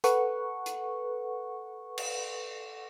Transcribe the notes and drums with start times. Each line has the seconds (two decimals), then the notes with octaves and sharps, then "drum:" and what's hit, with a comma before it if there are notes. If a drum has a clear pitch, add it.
0.04 A4 B4 F#5 C#6, drum: hi-hat
0.66 drum: hi-hat
1.98 drum: cymbal